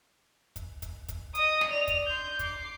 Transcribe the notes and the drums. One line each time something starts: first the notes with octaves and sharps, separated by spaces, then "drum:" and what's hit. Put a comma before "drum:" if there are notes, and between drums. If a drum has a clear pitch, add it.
drum: kick, hi-hat
drum: kick, hi-hat
drum: kick, hi-hat
D#5 D#6, drum: hi-hat
drum: snare
D5 F7
drum: kick, hi-hat
C6 G6
D6 C7, drum: kick, hi-hat